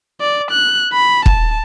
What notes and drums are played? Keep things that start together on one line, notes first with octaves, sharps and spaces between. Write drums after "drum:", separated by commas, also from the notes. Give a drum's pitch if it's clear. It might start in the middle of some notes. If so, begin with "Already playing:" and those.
D5
F#6
B5
A5, drum: kick